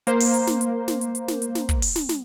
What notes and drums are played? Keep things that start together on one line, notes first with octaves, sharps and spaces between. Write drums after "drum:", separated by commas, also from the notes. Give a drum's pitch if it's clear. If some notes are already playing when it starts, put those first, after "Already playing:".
A#3 C5, drum: hi-hat
drum: open hi-hat
drum: hi-hat
drum: snare
drum: hi-hat
drum: snare
drum: hi-hat
drum: hi-hat
drum: snare
drum: hi-hat
drum: snare
drum: kick, hi-hat
drum: open hi-hat
drum: snare
drum: snare